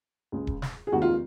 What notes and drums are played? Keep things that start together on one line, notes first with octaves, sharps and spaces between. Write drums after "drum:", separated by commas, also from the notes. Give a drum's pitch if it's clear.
C#2 C#3 G#3
drum: kick D#1
drum: snare
G#4
F1 D#2 D#3 G#3 F#4
F4